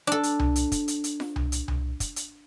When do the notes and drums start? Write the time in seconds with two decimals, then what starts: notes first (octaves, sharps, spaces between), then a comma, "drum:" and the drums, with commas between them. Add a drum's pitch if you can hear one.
0.07 D4 A4
0.23 drum: hi-hat
0.39 drum: tom C2
0.56 drum: hi-hat
0.72 drum: kick, hi-hat
0.88 drum: hi-hat
1.04 drum: hi-hat
1.20 drum: snare F4
1.36 drum: tom C2
1.52 drum: hi-hat
1.68 drum: tom C2
2.00 drum: kick, hi-hat
2.16 drum: hi-hat